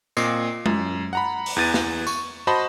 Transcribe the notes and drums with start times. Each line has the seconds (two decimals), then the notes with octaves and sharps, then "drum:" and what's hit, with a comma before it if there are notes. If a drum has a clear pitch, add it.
0.17 A#2 C4 D#5 C7, drum: tambourine
0.66 F#2, drum: tom G#3
1.13 F#5 A#5 B5
1.46 drum: open hi-hat
1.56 E2 E3 A6 D#7
1.74 drum: snare
2.07 C#6, drum: tambourine
2.47 F#4 C5 D#5 A5 B5 C6